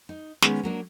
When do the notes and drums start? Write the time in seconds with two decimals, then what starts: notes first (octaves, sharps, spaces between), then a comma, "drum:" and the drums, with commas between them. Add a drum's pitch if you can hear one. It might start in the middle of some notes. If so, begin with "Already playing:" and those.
0.09 D#4
0.42 D#3 G#3 B3 C#4 D#4, drum: snare
0.63 F#3 A#3 D4